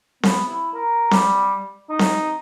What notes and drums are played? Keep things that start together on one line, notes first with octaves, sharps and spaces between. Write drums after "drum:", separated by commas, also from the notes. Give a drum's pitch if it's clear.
B3, drum: snare C4
E4
A#4
G3, drum: snare C4
D#4
drum: snare C4